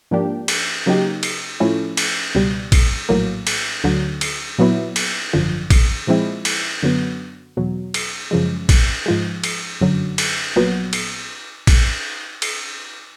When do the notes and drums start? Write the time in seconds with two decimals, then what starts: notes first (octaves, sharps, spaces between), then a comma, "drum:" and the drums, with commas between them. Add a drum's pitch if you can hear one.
0.11 G#2 F3 A#3 D4 G4
0.48 drum: cymbal
0.86 C#3 F#3 A#3 D#4 G4
1.23 drum: cymbal
1.60 A2 F3 A3 C#4 E4
1.97 drum: cymbal
2.35 C#2 B2 G3
2.72 drum: kick A#1, cymbal
3.09 A#1 A2 F#3 A#3
3.47 drum: cymbal
3.84 D2 D3 F#3
4.21 drum: cymbal
4.58 A#2 F#3 B3 E4
4.96 drum: cymbal
5.33 G#1 F#2 D3 F3
5.70 drum: kick A#1, cymbal
6.07 A#2 F3 G#3 C4 E4
6.45 drum: cymbal
6.82 F#2 D3 F#3 B3
7.57 E2 B2 F#3
7.94 drum: cymbal
8.31 F#2 C#3 F3 G#3
8.69 drum: kick A#1, cymbal
9.06 G#2 F3 G#3
9.44 drum: cymbal
9.81 G1 F#2 D3 F#3
10.18 drum: cymbal
10.56 A#1 A#2 F#3 B3
10.93 drum: cymbal
11.67 drum: kick A#1, cymbal
12.42 drum: cymbal